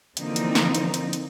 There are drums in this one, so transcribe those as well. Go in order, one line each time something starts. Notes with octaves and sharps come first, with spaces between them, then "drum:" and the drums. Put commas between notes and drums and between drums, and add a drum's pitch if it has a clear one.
D3 E3 F3 A#3 C4 D#4, drum: hi-hat
drum: hi-hat
drum: snare
drum: hi-hat
drum: hi-hat
drum: hi-hat